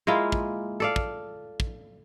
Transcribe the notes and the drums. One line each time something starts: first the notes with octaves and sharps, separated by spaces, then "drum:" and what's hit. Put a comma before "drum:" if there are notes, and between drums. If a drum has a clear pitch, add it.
G#3 A#3 E4 F4
drum: kick
A4 D5 F5
drum: kick
drum: kick